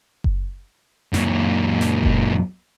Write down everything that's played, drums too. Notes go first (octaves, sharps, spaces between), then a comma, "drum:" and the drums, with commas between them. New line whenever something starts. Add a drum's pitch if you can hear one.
drum: kick F#1
F#2 A#2, drum: snare
drum: snare
drum: kick F#1